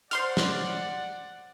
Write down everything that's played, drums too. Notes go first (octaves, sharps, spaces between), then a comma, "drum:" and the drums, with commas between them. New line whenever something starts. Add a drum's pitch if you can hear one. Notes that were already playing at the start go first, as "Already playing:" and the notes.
C5 D5 F#5 C6 F6, drum: hi-hat
drum: snare